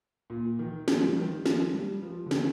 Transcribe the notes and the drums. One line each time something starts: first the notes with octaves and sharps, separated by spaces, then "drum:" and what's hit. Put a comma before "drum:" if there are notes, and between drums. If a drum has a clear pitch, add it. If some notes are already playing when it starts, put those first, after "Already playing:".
A#2
D#3
F3, drum: snare
G3
F3
D#3
F3, drum: snare
G3
F3
D3
D#3, drum: snare